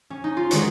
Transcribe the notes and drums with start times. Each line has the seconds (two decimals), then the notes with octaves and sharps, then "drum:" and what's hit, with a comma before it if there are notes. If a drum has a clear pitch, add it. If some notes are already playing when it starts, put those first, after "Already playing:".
Already playing: B3
0.10 C#4
0.24 D#4
0.37 F4
0.51 D#3 G#3 F#4, drum: hi-hat